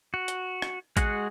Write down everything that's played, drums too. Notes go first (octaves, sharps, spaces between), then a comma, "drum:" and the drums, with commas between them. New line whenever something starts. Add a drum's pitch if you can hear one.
F#4
drum: hi-hat
drum: rim click
G#3 F#4 G#4 F#5, drum: kick A1, hi-hat